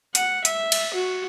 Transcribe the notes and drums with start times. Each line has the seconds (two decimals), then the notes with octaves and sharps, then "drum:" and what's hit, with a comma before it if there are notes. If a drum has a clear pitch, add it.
0.15 F#5, drum: hi-hat
0.45 E5, drum: hi-hat
0.72 drum: cymbal
0.94 F#4